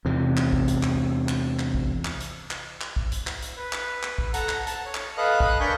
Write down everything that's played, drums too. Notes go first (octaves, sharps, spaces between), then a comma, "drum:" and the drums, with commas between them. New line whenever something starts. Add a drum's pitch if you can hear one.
E2 C3
drum: clap
drum: kick
drum: hi-hat
drum: clap
drum: clap
drum: clap
drum: kick
drum: clap
drum: hi-hat
drum: clap
drum: clap
drum: kick
drum: hi-hat
drum: clap
drum: hi-hat
B4
drum: clap
drum: clap
drum: kick
A4 F#5 A#5, drum: hi-hat
drum: clap
A5, drum: hi-hat
C#5
drum: clap
A4 B4 D#5 F5 F#6
drum: kick
D4 A#4 G#5 B5 C#6 G6